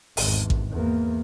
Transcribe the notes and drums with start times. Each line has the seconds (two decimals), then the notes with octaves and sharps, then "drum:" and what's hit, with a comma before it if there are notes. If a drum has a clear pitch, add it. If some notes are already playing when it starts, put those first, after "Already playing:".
0.17 G#1 E2, drum: open hi-hat
0.50 drum: kick A1
0.71 E2 A#3